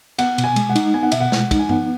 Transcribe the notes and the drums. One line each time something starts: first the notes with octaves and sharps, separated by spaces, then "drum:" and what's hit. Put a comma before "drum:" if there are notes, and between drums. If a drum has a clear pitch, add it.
B3 F#5, drum: cymbal
B2, drum: cymbal
G#5
G#3, drum: cymbal
F#5
D#4, drum: cymbal
B3 G#5
F#5
B2 E5, drum: cymbal
F#5
G#3, drum: snare
D#4, drum: kick, cymbal
G#5
B3 F#5, drum: tom G2